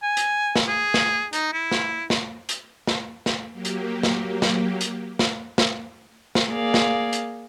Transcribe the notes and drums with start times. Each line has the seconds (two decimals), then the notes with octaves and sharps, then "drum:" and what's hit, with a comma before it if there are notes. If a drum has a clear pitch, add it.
0.03 G#5
0.17 drum: hi-hat
0.56 drum: snare
0.67 G#4
0.94 drum: snare
1.33 D#4, drum: hi-hat
1.53 E4
1.71 drum: snare
2.10 drum: snare
2.49 drum: hi-hat
2.87 drum: snare
3.26 drum: snare
3.53 F#3 A#3 G4
3.65 drum: hi-hat
4.03 drum: snare
4.42 drum: snare
4.81 drum: hi-hat
5.19 drum: snare
5.58 drum: snare
6.35 drum: snare
6.49 A#3 G#4 D5 F5
6.74 drum: snare
7.13 drum: hi-hat